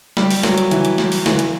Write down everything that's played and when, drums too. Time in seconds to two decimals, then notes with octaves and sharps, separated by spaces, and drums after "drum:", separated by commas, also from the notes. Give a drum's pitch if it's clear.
0.17 G3, drum: snare
0.30 drum: open hi-hat
0.43 F#3, drum: snare
0.58 drum: hi-hat
0.71 E3, drum: hi-hat
0.85 drum: hi-hat
0.98 drum: snare
1.12 drum: open hi-hat
1.26 E3, drum: snare
1.39 drum: hi-hat